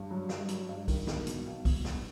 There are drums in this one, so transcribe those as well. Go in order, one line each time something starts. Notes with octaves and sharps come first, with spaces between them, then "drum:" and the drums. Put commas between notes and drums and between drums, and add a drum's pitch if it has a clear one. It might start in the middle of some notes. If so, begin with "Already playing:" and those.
Already playing: G2
F#3
G2, drum: snare
F#3, drum: hi-hat
G2
D#3, drum: kick B1, open hi-hat
B2, drum: snare
B2, drum: hi-hat
B1
B2, drum: kick B1, open hi-hat
B2, drum: snare